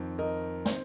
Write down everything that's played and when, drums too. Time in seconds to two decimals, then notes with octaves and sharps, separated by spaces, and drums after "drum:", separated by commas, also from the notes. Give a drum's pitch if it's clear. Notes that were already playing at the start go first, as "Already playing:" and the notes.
Already playing: F2 D#3 C4
0.19 A#4 D#5
0.66 D#3 C4 C5, drum: snare